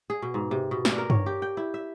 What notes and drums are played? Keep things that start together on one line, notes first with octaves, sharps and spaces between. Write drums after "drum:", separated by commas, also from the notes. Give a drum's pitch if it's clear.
G#4
B2
G#2
C3
B2
D5, drum: snare
A#4
C#5, drum: tom G2
G4
G5
E4
E5